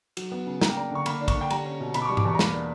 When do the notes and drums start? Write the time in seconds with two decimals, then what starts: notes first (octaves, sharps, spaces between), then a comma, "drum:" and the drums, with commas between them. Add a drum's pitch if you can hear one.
0.17 F#3, drum: cymbal
0.32 B3
0.46 C#3
0.61 A#3 A#5, drum: snare
0.69 G5
0.76 D4 A#5
0.91 D3 C#6
1.06 A#3 B5, drum: cymbal
1.21 D4
1.28 C#6, drum: kick, cymbal
1.36 D3
1.41 G5
1.50 G3 A#5, drum: cymbal
1.65 C#4
1.80 B2
1.94 B2 B5, drum: cymbal
2.02 D6
2.06 G3 C#6
2.17 D6, drum: tom G#2
2.25 E2 C#6
2.35 A#5
2.39 A#3 B5, drum: snare
2.54 D4